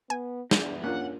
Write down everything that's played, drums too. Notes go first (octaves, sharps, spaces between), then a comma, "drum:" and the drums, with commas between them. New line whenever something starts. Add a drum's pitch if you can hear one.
B3 G#5
E2 D4, drum: snare
A#3 C#4 D4 F4 F#5